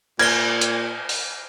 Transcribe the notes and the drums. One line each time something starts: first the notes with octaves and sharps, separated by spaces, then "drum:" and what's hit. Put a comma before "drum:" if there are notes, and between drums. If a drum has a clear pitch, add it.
A#2 F6 G#6 A#6 G7, drum: cymbal
drum: hi-hat
drum: open hi-hat